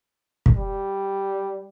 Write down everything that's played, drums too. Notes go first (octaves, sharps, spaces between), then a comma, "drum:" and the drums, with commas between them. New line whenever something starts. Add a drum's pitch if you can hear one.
drum: kick
G3